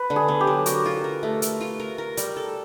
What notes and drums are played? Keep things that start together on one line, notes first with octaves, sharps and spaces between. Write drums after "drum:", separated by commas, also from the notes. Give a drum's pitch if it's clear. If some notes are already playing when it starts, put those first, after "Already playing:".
Already playing: B4
D3
G#4
B3
G4
F#3
F#4 A#4, drum: hi-hat
F4
A#4
A3
A3, drum: hi-hat
F4
A#4
A#4
G3, drum: hi-hat
A4